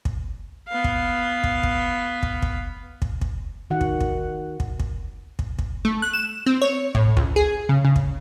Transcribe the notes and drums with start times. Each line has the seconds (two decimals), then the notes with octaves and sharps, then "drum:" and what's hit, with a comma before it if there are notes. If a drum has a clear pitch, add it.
0.05 drum: kick
0.68 B3 F5
0.84 drum: kick
1.44 drum: kick
1.63 drum: kick
2.23 drum: kick
2.42 drum: kick
3.02 drum: kick
3.21 drum: kick
3.70 D#3 F#4 F#5
3.81 drum: kick
4.01 drum: kick
4.60 drum: kick
4.80 drum: kick
5.39 drum: kick
5.59 drum: kick
5.85 A3
6.02 F#6
6.13 E7
6.46 C4
6.62 C#5
6.95 A2, drum: kick
7.17 C#2, drum: kick
7.36 G#4
7.69 C#3
7.85 C#3
7.96 drum: kick